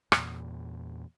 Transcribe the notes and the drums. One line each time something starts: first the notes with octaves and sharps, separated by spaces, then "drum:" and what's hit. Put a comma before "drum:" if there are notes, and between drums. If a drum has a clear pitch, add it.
E2 A#2, drum: rim click